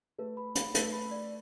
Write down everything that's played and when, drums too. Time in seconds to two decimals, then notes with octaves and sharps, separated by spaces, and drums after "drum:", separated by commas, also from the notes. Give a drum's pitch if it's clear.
0.18 A3 B4
0.37 B5
0.55 B5, drum: hi-hat
0.74 A3 B4, drum: hi-hat
0.93 B5
1.11 D5